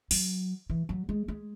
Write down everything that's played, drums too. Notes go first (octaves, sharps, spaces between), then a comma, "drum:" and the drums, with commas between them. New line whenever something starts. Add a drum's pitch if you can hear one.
F#3, drum: open hi-hat
E3
F#3
G#3
G#3